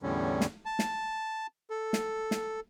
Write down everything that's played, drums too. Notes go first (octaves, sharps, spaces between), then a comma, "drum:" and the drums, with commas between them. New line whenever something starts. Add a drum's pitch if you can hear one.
E2 A2 D3 G3 C#4
drum: snare
A5
drum: snare
A4
drum: snare
drum: snare